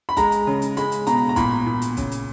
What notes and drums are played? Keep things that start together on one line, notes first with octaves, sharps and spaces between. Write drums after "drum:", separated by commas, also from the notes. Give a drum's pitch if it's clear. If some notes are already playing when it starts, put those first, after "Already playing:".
B5
G#3 A#5, drum: kick B1, hi-hat
drum: hi-hat
C#3
drum: hi-hat
G#3 B5, drum: hi-hat
drum: hi-hat
B2 A#5, drum: hi-hat
A#5
A#2 B5, drum: kick B1, hi-hat
A#2
drum: hi-hat
C#3, drum: kick B1, hi-hat
drum: hi-hat